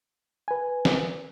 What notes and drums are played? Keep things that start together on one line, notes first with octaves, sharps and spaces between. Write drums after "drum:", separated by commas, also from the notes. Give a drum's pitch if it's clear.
B4 G#5
drum: snare